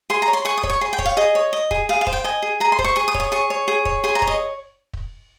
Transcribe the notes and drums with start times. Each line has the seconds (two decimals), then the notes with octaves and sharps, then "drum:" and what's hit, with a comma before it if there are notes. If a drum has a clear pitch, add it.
0.10 G#4 C6
0.22 A#5
0.28 C#5
0.33 C6
0.45 G#4 C#6
0.57 D#6
0.63 C#5, drum: kick
0.70 C#6
0.81 G#4 C6
0.93 G5
0.99 C#5, drum: kick
1.05 F5
1.17 G#4 D#5
1.35 C#5
1.53 D#5
1.71 G#4, drum: kick
1.89 G#4 F5
2.01 F5
2.07 C5, drum: kick
2.13 G5
2.24 D#5 G#5
2.42 G#4
2.60 G#4 A#5
2.72 C6
2.79 C5, drum: kick
2.84 C#6
2.96 G#4 C#6
3.08 D#6
3.14 C#5, drum: kick
3.20 D#6
3.32 G#4 C#6
3.50 C#5
3.68 G#4
3.85 C#5, drum: kick
4.04 G#4 C6
4.15 A#5
4.22 C#5, drum: kick
4.27 D#5
4.93 drum: kick